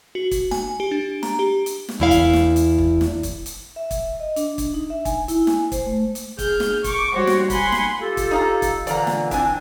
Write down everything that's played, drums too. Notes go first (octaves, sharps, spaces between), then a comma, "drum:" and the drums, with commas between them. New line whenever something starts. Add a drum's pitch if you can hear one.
F#4
drum: kick, hi-hat
G#5, drum: snare
G4
D4
A#5, drum: snare
G4
drum: hi-hat
drum: snare
E2 E4 F5
drum: kick, hi-hat
drum: snare
drum: hi-hat
drum: kick
drum: snare
drum: kick, hi-hat
drum: hi-hat
E5
drum: kick, hi-hat
D#5
D4, drum: hi-hat
drum: kick, hi-hat
D#4
E5
G#5, drum: kick, hi-hat
E4, drum: hi-hat
G#5, drum: snare
C5, drum: kick, hi-hat
A3
drum: hi-hat
G#4 F6 G6, drum: kick, hi-hat
drum: snare
C#6 D6, drum: kick, hi-hat
G3 F#4 C5 C#5
drum: snare
F#5 G#5 B5 C6, drum: kick, hi-hat
drum: snare
F4 G4 A4
drum: kick, hi-hat
D#4 F5 A#5
drum: kick, hi-hat
A#2 D3 E3 D5 F5 A#5, drum: hi-hat
drum: snare
C4 D4 E4 G#5, drum: kick, hi-hat